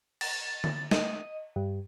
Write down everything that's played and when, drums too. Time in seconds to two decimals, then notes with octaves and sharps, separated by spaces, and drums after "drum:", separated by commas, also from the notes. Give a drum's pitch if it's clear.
0.21 A6, drum: cymbal
0.64 drum: tom D3
0.91 D#5, drum: snare
1.56 G2